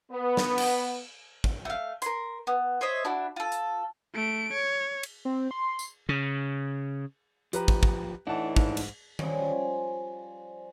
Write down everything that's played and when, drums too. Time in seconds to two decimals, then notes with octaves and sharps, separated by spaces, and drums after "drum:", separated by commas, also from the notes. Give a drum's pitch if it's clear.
0.11 B3
0.37 drum: snare
0.58 drum: cymbal
1.44 drum: kick
1.65 A3 F5
2.02 A#4 C6, drum: hi-hat
2.47 B3
2.81 C5 C#5 D#5 E5
3.05 D4 E4 F#4
3.36 F4 A4
3.52 drum: hi-hat
4.14 A3 D7
4.53 C#5
5.03 drum: cymbal
5.25 C4
5.51 C6
5.79 drum: tambourine
6.09 C#3
7.53 F3 G4 B4 A#5, drum: hi-hat
7.68 drum: kick
7.83 drum: kick
8.27 A2 E3 D4 D#4 F#5 A5
8.56 G#2, drum: kick
8.77 drum: cymbal
9.19 F3 G3 C#4, drum: tom D#3
9.52 C5 D5 G#5